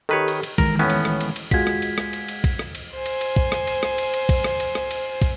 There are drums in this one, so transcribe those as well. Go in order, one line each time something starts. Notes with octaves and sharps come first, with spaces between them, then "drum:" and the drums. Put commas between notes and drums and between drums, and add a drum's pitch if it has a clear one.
D#3 G4 A4 B4 C#5
drum: cymbal
drum: cymbal
D#3 E3 G#3 A#4, drum: kick, cymbal
A2 B3 C#4
drum: cymbal
drum: rim click
drum: cymbal
drum: cymbal
G#3 F4 F#4 G#6 B6, drum: kick, cymbal
drum: rim click
drum: cymbal
drum: rim click
drum: cymbal
drum: cymbal
drum: kick, cymbal
drum: rim click
drum: cymbal
C5 G#5
drum: cymbal
drum: cymbal
drum: kick
drum: rim click
drum: cymbal
drum: rim click
drum: cymbal
drum: cymbal
drum: kick, cymbal
drum: rim click
drum: cymbal
drum: rim click
drum: cymbal
drum: kick, cymbal